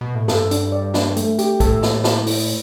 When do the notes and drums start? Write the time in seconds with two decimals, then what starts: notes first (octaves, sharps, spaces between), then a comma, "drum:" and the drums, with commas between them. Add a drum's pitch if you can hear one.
0.01 B2
0.15 A2
0.28 G2 A4, drum: snare
0.51 D4, drum: hi-hat
0.72 D5
0.94 D4, drum: snare
1.16 A3, drum: hi-hat
1.39 G4, drum: hi-hat
1.60 A2 A4, drum: kick, hi-hat
1.83 E4, drum: snare
2.04 C5, drum: snare
2.27 E4, drum: open hi-hat